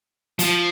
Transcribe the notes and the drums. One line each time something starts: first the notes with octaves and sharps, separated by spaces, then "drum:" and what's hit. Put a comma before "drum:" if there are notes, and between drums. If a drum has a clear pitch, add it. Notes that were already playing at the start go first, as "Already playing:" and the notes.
F3, drum: hi-hat